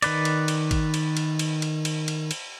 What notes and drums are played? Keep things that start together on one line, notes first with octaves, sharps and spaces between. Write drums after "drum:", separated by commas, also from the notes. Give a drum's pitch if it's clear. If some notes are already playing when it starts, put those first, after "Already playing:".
D#3 B4 D5, drum: cymbal
drum: cymbal
drum: cymbal
drum: kick, cymbal
drum: cymbal
drum: cymbal
drum: cymbal
drum: cymbal
drum: cymbal
drum: cymbal
drum: cymbal